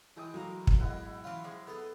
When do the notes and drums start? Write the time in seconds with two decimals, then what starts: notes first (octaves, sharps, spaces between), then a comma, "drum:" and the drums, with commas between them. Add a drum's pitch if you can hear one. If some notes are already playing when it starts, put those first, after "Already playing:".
0.17 E3 G#3 G5 D#6
0.34 A2 F#3 A#3 A#5
0.67 drum: kick
0.79 G#2 B2 E4 F#5 G5
1.24 E3 C#4 F4 F5
1.44 F3 G#3
1.67 B3 D#4 G#4 A4